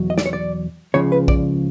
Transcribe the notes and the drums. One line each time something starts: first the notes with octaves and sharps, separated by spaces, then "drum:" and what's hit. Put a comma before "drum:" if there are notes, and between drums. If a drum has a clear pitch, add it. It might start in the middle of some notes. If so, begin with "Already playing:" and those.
Already playing: E2 B2 F#3
D#5
D5, drum: snare
C#5
D5
C#2 C#3 F3 C#5
B4
D5, drum: kick A#1